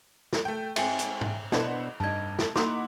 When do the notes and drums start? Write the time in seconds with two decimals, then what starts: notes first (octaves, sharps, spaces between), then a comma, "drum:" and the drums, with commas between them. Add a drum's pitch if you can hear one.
0.33 drum: snare
0.45 A3 G5
0.76 G#2 C4 E5 G5 G#5, drum: cymbal
0.99 drum: hi-hat
1.21 drum: tom
1.52 B2 B3 D4 E4 C5 D#5 F#5, drum: snare
2.00 F1 G2 D#4 A5 G#6
2.39 drum: snare
2.56 A#3 D#4 E4 F#4 C6 D6, drum: snare